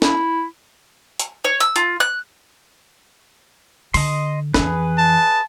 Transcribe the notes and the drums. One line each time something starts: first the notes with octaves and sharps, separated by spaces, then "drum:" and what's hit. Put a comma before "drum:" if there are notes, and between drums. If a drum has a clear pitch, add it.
E4, drum: snare
drum: hi-hat
C#5
E6, drum: hi-hat
F4, drum: hi-hat
F#6
D3 D#5 C6, drum: open hi-hat
F2 E3 G#4 B4, drum: snare
A5